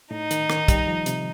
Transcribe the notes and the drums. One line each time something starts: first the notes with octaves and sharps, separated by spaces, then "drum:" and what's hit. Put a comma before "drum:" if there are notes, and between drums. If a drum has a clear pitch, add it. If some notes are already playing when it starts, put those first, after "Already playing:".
A2 D#4
D#3, drum: hi-hat
D#3, drum: rim click
G3, drum: kick, hi-hat
F3
C3, drum: hi-hat